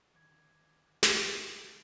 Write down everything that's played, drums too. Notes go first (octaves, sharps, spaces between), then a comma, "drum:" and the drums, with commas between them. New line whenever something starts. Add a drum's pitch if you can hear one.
D3 D#3 D6 G#6
A#2 D3 G3 D#4 F#4, drum: snare